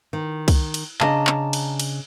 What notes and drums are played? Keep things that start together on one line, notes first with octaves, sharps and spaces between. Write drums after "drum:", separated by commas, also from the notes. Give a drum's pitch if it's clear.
D#3
drum: kick C2, cymbal
drum: cymbal
C#3 D4 D#5 A5 A#5, drum: clap
drum: clap
drum: cymbal
drum: cymbal